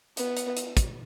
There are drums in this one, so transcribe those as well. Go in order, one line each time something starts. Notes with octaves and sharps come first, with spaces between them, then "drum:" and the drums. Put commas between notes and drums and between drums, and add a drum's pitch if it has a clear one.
B3, drum: hi-hat
drum: hi-hat
drum: hi-hat
drum: kick, hi-hat